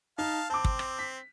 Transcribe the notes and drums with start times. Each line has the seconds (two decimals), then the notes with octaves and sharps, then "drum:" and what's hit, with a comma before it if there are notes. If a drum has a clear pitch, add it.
0.18 D#4 F5 A5
0.50 C4 A5 D6
0.65 drum: kick
0.79 drum: rim click
0.99 B6